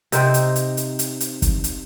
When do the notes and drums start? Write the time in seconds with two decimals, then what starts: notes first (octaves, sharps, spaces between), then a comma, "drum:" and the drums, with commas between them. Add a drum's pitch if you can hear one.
0.12 C3 D#4 C5 G5, drum: hi-hat
0.34 drum: hi-hat
0.56 drum: hi-hat
0.77 drum: hi-hat
0.99 drum: hi-hat
1.20 drum: hi-hat
1.42 drum: kick, hi-hat
1.64 drum: hi-hat